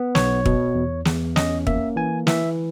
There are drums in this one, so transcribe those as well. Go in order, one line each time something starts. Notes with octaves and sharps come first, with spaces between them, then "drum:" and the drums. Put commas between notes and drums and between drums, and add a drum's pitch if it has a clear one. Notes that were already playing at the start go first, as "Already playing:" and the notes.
Already playing: B3
B1 C#5, drum: snare
B2, drum: kick
E2
E2, drum: snare
C#4 D#5, drum: snare
A#3 E5, drum: kick
E3 G#5
E3 E5, drum: snare